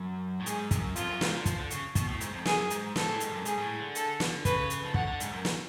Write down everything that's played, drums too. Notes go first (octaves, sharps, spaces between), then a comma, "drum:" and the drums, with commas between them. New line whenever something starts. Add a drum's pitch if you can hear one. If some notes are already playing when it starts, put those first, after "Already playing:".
Already playing: F#2
A2
G#2 G#4, drum: hi-hat
F#2, drum: kick, hi-hat
F2 F4, drum: hi-hat
F#2
G#2, drum: snare
D3
F3, drum: kick, hi-hat
D3
C#3, drum: hi-hat
B2, drum: kick, hi-hat
A2
G#2, drum: hi-hat
F2
F#2 G#4, drum: snare
G#2, drum: hi-hat
G#2 A4, drum: snare
A2
G#2, drum: hi-hat
F#2
G#2 G#4, drum: hi-hat
G#2
A2
D3
A4, drum: hi-hat
drum: snare
C#3 B4, drum: kick, hi-hat
drum: hi-hat
F3
D3 F#5, drum: kick
D3
G#2, drum: hi-hat
F#2
drum: snare